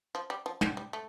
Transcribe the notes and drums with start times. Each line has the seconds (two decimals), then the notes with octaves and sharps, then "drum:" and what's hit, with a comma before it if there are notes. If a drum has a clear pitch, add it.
0.15 F3
0.30 G3
0.46 F3
0.61 G3, drum: tom
0.77 G3
0.93 A3